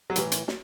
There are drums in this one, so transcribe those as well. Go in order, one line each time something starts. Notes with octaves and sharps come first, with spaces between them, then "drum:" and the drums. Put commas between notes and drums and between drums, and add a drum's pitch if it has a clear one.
F#3
A2 E3 G3, drum: hi-hat
drum: hi-hat
drum: snare